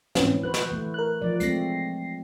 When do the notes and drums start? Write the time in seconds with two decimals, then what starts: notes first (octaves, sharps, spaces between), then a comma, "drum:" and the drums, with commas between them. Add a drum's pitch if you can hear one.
0.15 G#2 E3 C4 C#4, drum: snare
0.43 F#4 B4 C5 F#6
0.54 drum: snare
0.72 E3 A3
0.94 A#4 F#6
1.22 F3 D5
1.40 G#3 A3 C4 A#6 C7, drum: hi-hat